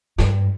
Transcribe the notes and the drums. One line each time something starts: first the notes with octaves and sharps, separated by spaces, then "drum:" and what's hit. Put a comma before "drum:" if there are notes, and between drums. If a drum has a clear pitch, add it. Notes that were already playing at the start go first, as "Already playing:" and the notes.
G2, drum: snare